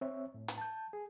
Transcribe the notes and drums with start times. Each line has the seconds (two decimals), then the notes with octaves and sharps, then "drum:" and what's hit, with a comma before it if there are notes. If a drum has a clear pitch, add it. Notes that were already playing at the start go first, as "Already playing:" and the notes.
0.01 C4 C#5 E5
0.34 A2
0.48 drum: hi-hat
0.58 A5 G6
0.93 G#4